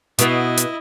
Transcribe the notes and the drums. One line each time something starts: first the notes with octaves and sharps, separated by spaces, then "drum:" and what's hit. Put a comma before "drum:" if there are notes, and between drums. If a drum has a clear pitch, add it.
B2 B3 E4 D#5, drum: hi-hat
drum: hi-hat